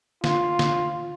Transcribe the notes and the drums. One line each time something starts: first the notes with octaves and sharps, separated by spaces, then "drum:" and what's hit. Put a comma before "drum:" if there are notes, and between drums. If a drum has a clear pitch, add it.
F4, drum: snare
drum: snare